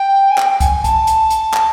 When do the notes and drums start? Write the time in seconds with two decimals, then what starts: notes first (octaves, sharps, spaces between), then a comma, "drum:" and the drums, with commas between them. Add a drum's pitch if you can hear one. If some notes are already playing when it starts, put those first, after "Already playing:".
Already playing: G5
0.31 G#5
0.38 G5, drum: clap
0.52 G5
0.60 G#5, drum: kick C2, hi-hat
0.84 A5, drum: kick C2, hi-hat
1.07 drum: hi-hat
1.30 drum: hi-hat
1.54 drum: clap